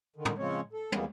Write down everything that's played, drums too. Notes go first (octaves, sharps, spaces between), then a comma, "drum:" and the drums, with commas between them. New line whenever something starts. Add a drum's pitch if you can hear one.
D3 D#3
drum: tom
C#3 F3 G#3 C4 C#4 C#5
A4
D#2 E3 G3 G#3 A#3 B3, drum: tom